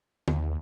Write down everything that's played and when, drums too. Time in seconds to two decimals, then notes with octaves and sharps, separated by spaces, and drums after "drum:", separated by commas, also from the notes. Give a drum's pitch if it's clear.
0.28 D#2, drum: tom D3